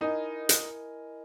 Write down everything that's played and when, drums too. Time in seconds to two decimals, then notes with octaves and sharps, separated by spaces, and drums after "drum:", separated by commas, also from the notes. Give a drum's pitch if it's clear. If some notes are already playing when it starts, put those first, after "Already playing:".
0.01 D#4 E4 A#4 D#5 G#5
0.49 drum: hi-hat